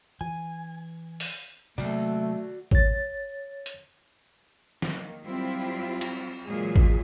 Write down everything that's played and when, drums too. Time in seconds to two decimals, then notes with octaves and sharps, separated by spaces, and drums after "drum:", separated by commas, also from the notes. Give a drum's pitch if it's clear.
0.21 E3 G#5
1.20 drum: open hi-hat
1.78 C3 F#3 A3 A#3 F#4 D5
2.71 C#5 A6, drum: kick G#1
3.66 drum: hi-hat
4.82 D#3 A#3, drum: snare
5.23 F#3 G3 C4 E4 F4 G4
6.01 drum: cymbal
6.44 A#2 E3 F#3 G#3 G#4
6.76 drum: kick G#1